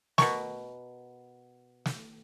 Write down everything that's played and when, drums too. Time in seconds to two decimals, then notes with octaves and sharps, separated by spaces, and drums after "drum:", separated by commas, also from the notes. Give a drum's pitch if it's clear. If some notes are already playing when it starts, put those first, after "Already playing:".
0.18 B2 A#4 C#6, drum: snare
1.86 drum: snare